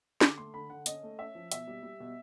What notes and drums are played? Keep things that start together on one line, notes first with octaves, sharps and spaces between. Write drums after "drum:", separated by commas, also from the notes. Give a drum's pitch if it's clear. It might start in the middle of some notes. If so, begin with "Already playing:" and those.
D3 D6, drum: snare
A3 C6
D3 B5
D3 F#5
C#4 D#5, drum: hi-hat
A3
C#4 E5
F3
B2 E5, drum: hi-hat
G3
G3
B2